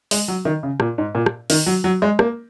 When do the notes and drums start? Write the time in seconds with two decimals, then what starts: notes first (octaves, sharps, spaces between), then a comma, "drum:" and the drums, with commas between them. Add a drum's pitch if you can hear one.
0.11 G#3, drum: open hi-hat
0.28 F#3
0.45 D#3
0.63 C#3
0.80 A#2, drum: rim click
0.98 G#2
1.15 A#2
1.26 drum: rim click
1.50 D#3, drum: open hi-hat
1.66 F#3
1.84 F#3
2.02 G#3
2.19 A#3, drum: rim click